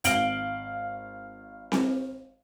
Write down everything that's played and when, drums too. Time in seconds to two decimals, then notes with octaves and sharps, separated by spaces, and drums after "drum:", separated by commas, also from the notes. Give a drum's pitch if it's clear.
0.04 G#1 F5 D7 F#7 G7, drum: hi-hat
1.72 drum: snare C4